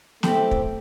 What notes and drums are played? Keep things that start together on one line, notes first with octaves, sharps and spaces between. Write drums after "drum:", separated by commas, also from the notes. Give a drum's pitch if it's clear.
A3 C4 E4 G4, drum: snare
drum: kick